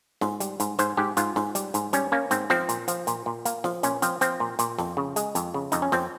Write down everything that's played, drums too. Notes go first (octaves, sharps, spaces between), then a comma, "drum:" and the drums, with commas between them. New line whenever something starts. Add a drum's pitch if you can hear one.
G#2, drum: snare
G3, drum: hi-hat
G#2, drum: hi-hat
G#2 C5, drum: hi-hat
G#2 G4
G#2 F4, drum: hi-hat
G#2, drum: snare
G3, drum: hi-hat
G#2, drum: hi-hat
G3 C#4, drum: hi-hat
A#3 C#4
G#2 C4, drum: hi-hat
F3 C4, drum: snare
A#2, drum: hi-hat
F3, drum: hi-hat
A#2, drum: hi-hat
A#2
A#3, drum: hi-hat
F3, drum: snare
A#2 C#4, drum: hi-hat
F3 C4, drum: hi-hat
F3 C4, drum: hi-hat
A#2
A#2, drum: hi-hat
F2, drum: snare
C#3
G#3, drum: hi-hat
F2, drum: hi-hat
C#3
F2 D#4, drum: hi-hat
C#4
F2 C4, drum: snare